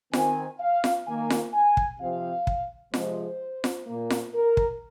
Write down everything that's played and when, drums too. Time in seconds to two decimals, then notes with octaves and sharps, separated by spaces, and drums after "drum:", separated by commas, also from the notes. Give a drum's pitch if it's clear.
0.13 D#3 C4 G#5, drum: snare F4
0.60 F5
0.84 drum: snare F4
1.07 D#3 A#3 G#5
1.30 drum: snare F4
1.54 G#5
1.77 drum: kick
2.00 C3 F3 C4 F5
2.47 drum: kick
2.94 C3 F3 G#3 C5, drum: snare F4
3.64 drum: snare F4
3.87 A#2 A#3
4.10 drum: snare F4
4.34 A#4
4.57 drum: kick